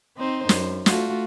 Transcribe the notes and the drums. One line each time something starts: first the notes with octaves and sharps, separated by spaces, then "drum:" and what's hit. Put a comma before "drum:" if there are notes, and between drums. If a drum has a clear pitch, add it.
C4 D#4 C5
F#2, drum: snare
A3 F4 F#4, drum: snare